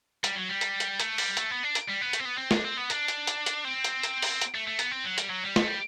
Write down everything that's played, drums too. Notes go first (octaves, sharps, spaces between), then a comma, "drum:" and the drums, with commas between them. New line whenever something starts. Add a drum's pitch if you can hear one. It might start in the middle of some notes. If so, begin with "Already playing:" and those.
G3, drum: hi-hat
F#3
G3
drum: hi-hat
drum: hi-hat
A3, drum: hi-hat
G3, drum: open hi-hat
A3, drum: hi-hat
B3
D4
drum: hi-hat
G3
B3
A3, drum: hi-hat
C4
B3
C4
D4, drum: snare
C4
B3
D4, drum: hi-hat
drum: hi-hat
drum: hi-hat
drum: hi-hat
C4
drum: hi-hat
drum: hi-hat
drum: open hi-hat
drum: hi-hat
A3
A3
B3, drum: hi-hat
C4
F#3
G3, drum: hi-hat
F#3
G3
A3, drum: snare
G3